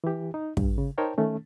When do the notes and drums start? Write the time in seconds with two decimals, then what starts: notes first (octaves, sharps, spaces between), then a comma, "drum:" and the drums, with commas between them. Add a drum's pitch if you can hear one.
0.04 E3 G4
0.34 D#4
0.57 G2, drum: kick
0.78 C#3
0.98 D#4 A#4 C5 C#5 G5 A5
1.18 D#3 A3 C#4